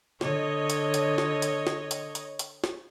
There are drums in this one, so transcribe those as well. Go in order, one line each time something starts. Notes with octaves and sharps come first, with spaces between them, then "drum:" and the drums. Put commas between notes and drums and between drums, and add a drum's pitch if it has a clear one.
D3 C#5 D#5, drum: snare
drum: hi-hat
drum: hi-hat
drum: snare
drum: hi-hat
drum: snare
drum: hi-hat
drum: hi-hat
drum: hi-hat
drum: snare